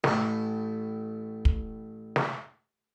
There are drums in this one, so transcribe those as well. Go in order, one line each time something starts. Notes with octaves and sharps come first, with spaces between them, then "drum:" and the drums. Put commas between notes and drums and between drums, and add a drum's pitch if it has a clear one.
A1 A2, drum: snare
drum: kick
drum: snare